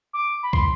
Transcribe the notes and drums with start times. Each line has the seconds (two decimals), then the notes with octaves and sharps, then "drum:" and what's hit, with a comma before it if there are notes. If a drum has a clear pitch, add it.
0.13 D6
0.43 B5
0.53 C6, drum: kick